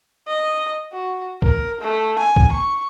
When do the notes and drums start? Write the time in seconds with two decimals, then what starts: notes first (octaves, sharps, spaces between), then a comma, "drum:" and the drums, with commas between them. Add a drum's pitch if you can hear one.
0.27 D#5
0.93 F#4
1.42 A#4, drum: kick
1.81 A3
2.19 G#5
2.36 drum: kick
2.52 C#6